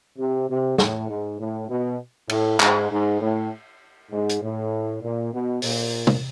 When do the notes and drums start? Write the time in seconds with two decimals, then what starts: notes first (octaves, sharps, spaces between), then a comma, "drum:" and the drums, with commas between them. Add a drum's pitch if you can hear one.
0.18 C3
0.48 C3
0.78 A2, drum: snare
1.09 G#2
1.39 A2
1.69 B2
2.29 A2, drum: cymbal
2.60 G#2, drum: clap
2.91 G#2
3.21 A2
4.11 G#2
4.29 drum: hi-hat
4.42 A2
5.02 A#2
5.33 B2
5.62 A#2, drum: open hi-hat
6.07 drum: tom